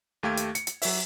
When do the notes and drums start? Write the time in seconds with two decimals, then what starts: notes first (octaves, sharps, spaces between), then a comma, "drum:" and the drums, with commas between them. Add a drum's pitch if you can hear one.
0.23 D#2 A3 G4 F5 G#6
0.37 drum: hi-hat
0.55 C#7, drum: hi-hat
0.67 drum: hi-hat
0.82 F#3 E5, drum: open hi-hat